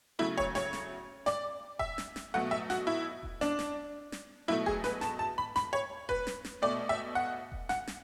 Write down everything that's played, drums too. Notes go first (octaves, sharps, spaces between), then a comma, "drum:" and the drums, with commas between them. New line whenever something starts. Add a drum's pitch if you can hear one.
C#3 F#3 A3 E4
C#5, drum: kick E1
C#5, drum: snare
drum: snare
D5, drum: snare
E5, drum: kick E1
drum: snare
drum: snare
B2 F#3 A3 F#5
E5
F#4, drum: snare
E4
drum: kick E1
D4, drum: snare
drum: snare
drum: snare
B2 F#3 A3 E4
G#4, drum: kick E1
B4, drum: snare
A5, drum: snare
A5
B5
B5, drum: snare
C#5
B4, drum: kick E1
drum: snare
drum: snare
B2 A3 D5
E5
F#5
drum: kick E1
F#5, drum: snare
drum: snare